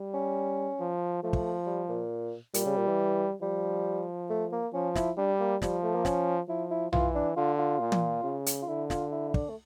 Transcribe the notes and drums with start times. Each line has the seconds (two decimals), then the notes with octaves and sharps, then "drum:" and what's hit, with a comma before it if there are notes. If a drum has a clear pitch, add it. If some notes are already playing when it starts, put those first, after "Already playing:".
Already playing: G3
0.14 C#4
0.80 F3
1.23 F3 A3
1.33 drum: kick
1.66 G3
1.89 A#2
2.54 A#2 G3, drum: hi-hat
2.66 C#3
2.76 A#2
2.87 E3
3.42 F3 G3
4.30 A3
4.52 A#3
4.73 F3 C#4
4.95 E4, drum: snare
5.17 G3 D4
5.40 A#3
5.62 F3 G3, drum: snare
5.83 A3
5.95 A#3
6.05 C#4, drum: snare
6.48 F3 E4
6.71 E4
6.93 E3 F4, drum: tom B1
7.15 D4
7.37 D3 F4
7.59 F4
7.80 A#2
7.92 drum: tom
8.24 C#3
8.46 drum: hi-hat
8.62 F4
8.68 D3 E4
8.90 F4, drum: snare
9.12 E4
9.29 E4
9.34 D4, drum: kick
9.49 A3